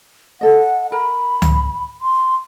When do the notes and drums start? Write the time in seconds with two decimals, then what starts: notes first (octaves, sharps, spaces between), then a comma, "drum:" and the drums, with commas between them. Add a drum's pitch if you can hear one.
0.41 A4 D#5 F#5
0.92 A#4 A#5 B5
1.42 drum: tom C#2
2.02 C6